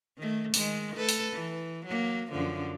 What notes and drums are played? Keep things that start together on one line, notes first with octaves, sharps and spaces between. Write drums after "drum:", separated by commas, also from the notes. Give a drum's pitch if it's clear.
D#3 A3
D#3 G#3, drum: open hi-hat
A3 A4 B4
drum: open hi-hat
E3
F#3 A#3
F#2 D3 F3